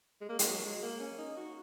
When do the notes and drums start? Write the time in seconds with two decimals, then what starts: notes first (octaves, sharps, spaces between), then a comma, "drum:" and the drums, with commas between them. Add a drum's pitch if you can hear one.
0.21 G#3
0.29 A#3
0.39 G#3, drum: hi-hat
0.47 F#3
0.65 G#3
0.82 A#3
1.00 C#4
1.18 D#4
1.36 F#4